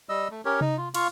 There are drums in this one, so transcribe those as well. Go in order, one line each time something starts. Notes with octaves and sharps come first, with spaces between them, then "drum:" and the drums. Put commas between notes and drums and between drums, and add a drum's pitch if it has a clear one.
G3 D#5 E6
A3
C#4 G4 A#4 C#5
D#4, drum: tom C3
F4
F4 F5 C#6, drum: cymbal